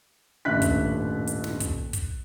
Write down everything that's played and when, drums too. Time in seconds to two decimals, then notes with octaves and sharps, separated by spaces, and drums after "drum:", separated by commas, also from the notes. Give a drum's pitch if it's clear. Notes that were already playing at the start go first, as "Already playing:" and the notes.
0.45 D#1 A1 G2 E5 F#6 B6
0.62 drum: kick, hi-hat
1.27 drum: hi-hat
1.44 drum: snare
1.60 drum: kick, hi-hat
1.93 drum: kick, hi-hat